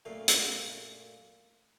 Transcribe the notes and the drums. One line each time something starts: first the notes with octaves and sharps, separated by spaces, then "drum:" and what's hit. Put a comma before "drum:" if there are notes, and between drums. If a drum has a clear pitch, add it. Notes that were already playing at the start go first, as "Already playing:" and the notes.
F#2 A#2 A3 F5
drum: hi-hat